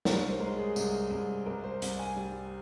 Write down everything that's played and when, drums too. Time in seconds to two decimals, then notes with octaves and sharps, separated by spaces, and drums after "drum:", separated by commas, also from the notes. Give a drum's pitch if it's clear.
0.05 C2 C#5, drum: snare
0.23 C5
0.40 G#3 A#4
0.59 G#4
0.76 C2, drum: tambourine
1.11 C2
1.46 C2 A#4
1.64 C5
1.82 C2, drum: hi-hat
1.99 G#5
2.16 G3